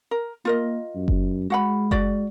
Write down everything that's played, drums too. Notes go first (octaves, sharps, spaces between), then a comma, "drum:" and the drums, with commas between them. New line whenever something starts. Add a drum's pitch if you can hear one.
A#4
A#3 F4 A#4 D#5
F#2
drum: kick F#1
G#3 F#4 F#5 B5
F#4 D5, drum: kick F#1